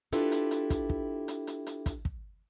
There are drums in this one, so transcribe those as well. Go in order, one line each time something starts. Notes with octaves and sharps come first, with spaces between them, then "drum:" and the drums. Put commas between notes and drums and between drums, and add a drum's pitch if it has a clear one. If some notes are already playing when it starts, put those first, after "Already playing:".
D4 E4 F4 G4 A4 B4, drum: hi-hat
drum: hi-hat
drum: hi-hat
drum: kick, hi-hat
drum: kick
drum: hi-hat
drum: hi-hat
drum: hi-hat
drum: kick, hi-hat
drum: kick